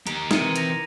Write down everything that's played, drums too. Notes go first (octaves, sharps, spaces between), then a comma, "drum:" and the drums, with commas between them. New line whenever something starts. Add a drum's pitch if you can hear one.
D#3 G4 A#5, drum: hi-hat
C3 D#3 E3 G#6 C#7 D#7, drum: snare
A#6 F7, drum: hi-hat